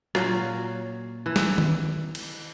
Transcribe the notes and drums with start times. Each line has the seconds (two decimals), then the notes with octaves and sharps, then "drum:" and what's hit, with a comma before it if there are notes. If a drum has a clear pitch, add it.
0.15 A#2 F#3 C#4 F5, drum: rim click
1.26 E3
1.36 drum: snare
1.58 drum: tom D#3
2.15 drum: cymbal